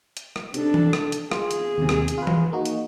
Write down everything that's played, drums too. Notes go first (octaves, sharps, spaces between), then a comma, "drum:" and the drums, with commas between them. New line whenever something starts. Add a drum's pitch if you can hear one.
drum: hi-hat
drum: rim click
C3 D4 A4, drum: hi-hat
drum: tom E3
drum: rim click
drum: hi-hat
F4 G#4, drum: rim click
drum: hi-hat
D#2 C3
drum: rim click
drum: hi-hat
F4 B4
drum: tom E3
A#3 D#4 F#4
drum: hi-hat